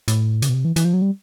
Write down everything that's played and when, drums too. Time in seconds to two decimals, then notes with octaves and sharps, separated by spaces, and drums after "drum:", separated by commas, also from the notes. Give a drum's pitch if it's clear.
0.08 A2, drum: hi-hat
0.42 C#3, drum: hi-hat
0.49 B2
0.54 C3
0.65 E3
0.76 E3, drum: hi-hat
0.85 F3
0.94 F#3
1.02 G3